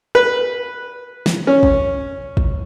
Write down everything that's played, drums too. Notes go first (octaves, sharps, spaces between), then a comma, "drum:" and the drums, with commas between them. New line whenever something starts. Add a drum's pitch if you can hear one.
B4
drum: snare
C#4
drum: kick
drum: kick